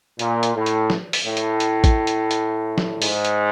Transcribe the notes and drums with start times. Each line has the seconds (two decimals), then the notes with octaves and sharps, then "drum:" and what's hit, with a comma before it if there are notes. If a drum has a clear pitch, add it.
0.19 A#2, drum: hi-hat
0.43 drum: hi-hat
0.55 A2
0.66 drum: hi-hat
0.90 drum: snare
1.13 drum: open hi-hat
1.26 A2
1.37 drum: hi-hat
1.60 drum: hi-hat
1.84 drum: kick A1, hi-hat
2.07 drum: hi-hat
2.31 drum: hi-hat
2.78 drum: snare
3.02 G#2, drum: open hi-hat
3.25 drum: hi-hat